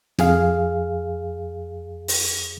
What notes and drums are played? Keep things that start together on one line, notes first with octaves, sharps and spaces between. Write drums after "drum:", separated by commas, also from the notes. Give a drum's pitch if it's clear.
F2 G#4 F5, drum: snare
drum: open hi-hat